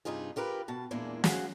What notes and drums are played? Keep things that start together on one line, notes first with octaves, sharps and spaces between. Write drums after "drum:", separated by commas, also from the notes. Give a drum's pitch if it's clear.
G2 C3 D#4 F4 G#4
F4 G4 A#4 B4
B2 A5
E2 A#2 G#3 A#3 D4 E4
F#4 G#4 C5 F5 F#5, drum: snare